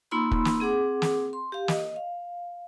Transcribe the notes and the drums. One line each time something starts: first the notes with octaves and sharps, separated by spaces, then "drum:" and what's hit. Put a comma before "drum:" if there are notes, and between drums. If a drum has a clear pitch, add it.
A#3 D#4 F4 B5 C6 E6
drum: kick
drum: snare
C4 G#4 F#5 D6
drum: snare
C6
G4 F5
D#5, drum: snare
F5